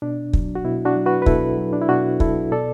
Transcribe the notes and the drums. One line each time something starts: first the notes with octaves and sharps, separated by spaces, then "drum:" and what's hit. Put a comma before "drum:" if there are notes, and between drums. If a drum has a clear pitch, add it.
B2 D4
F#3, drum: kick
F#4
B2 E4
D4 F#4
F#3
F#4 B4
B4
B2 E4 A4, drum: kick
F#3
D4
E4
B2 D4 F#4
F#3 E4 A4, drum: kick
B2 A4 D5